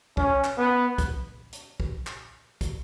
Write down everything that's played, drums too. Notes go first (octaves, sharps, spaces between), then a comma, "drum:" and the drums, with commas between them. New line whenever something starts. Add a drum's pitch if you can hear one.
C#4, drum: kick
drum: clap
B3
drum: kick, hi-hat
drum: hi-hat
drum: kick
drum: clap
drum: kick, hi-hat